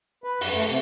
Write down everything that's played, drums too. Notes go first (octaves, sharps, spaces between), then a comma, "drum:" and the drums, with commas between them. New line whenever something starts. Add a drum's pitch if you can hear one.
B4
F#2, drum: open hi-hat
A3
C3